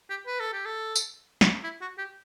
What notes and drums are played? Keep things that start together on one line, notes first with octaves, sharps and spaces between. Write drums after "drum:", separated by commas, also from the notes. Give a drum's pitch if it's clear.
G4
B4
A4
G4
A4
drum: tambourine
drum: snare
E4
F#4
G4